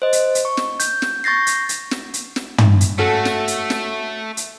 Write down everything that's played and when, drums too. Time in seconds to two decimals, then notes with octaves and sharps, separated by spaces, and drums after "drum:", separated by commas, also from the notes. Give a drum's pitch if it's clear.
0.02 C5 D#5
0.13 drum: hi-hat
0.35 drum: hi-hat
0.45 C#6
0.57 drum: snare
0.80 G6, drum: hi-hat
1.02 drum: snare
1.24 C#6 G6 A6 A#6 C7
1.47 drum: hi-hat
1.69 drum: hi-hat
1.91 drum: snare
2.14 drum: hi-hat
2.36 drum: snare
2.58 drum: tom
2.81 drum: hi-hat
2.98 A3 C#4 F#4 A4
3.25 drum: snare
3.48 drum: hi-hat
3.70 drum: snare
4.37 drum: hi-hat